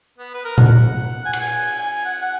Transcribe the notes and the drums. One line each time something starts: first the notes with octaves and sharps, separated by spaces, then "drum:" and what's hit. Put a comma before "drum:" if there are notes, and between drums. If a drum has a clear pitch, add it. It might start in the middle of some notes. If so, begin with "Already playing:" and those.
B3
B4
A#4
F#5, drum: tom A#2
G#5
F#5, drum: cymbal
G#5
G#5
F#5
F#5